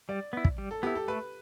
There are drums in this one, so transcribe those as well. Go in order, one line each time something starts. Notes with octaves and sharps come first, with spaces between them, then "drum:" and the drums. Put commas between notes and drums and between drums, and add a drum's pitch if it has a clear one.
G3 D5
B3 E4
drum: kick
G3
A4
B3 E4 G4
A4
A3 B4